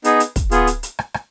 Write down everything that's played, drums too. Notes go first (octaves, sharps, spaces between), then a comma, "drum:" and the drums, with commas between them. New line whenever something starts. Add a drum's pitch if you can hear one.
B3 D#4 G#4, drum: hi-hat
drum: hi-hat
drum: kick, hi-hat
B3 F4 G#4, drum: hi-hat
drum: hi-hat
drum: hi-hat
drum: rim click
drum: rim click